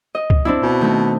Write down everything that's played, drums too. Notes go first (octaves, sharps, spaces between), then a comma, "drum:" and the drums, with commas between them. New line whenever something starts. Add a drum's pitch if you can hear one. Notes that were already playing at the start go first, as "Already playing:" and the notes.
D#5
drum: kick C#2
C4 D4 E4
B2
D#3 A3 C4